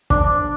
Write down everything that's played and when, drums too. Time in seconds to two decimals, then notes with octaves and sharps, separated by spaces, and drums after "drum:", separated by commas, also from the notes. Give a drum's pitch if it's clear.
0.10 D4, drum: kick